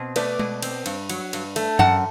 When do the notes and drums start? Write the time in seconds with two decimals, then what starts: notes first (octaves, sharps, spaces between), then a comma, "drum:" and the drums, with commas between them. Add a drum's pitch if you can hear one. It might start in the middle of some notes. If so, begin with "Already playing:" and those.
Already playing: B2 C4
0.16 A3 B4 D5, drum: cymbal
0.39 B2, drum: tom G#3
0.62 C4, drum: cymbal
0.86 G2, drum: cymbal
1.09 F#3, drum: cymbal
1.33 G2, drum: cymbal
1.56 A3, drum: cymbal
1.79 F#2 F#5 A5, drum: tom G2